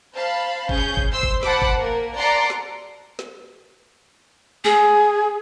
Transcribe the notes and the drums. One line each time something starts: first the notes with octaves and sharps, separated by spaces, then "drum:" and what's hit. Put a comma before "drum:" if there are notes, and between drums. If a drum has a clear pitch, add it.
C5 F5 A5 B5
C#4 G#4 G6, drum: kick G1
drum: kick G1
C5 C6 E6
drum: kick G1
C5 F#5 A5 B5 D6, drum: snare
drum: kick G1
A#3 A#4
D5 F#5 A5 A#5 C6
drum: snare
drum: snare
G#4 G#5, drum: tom G#3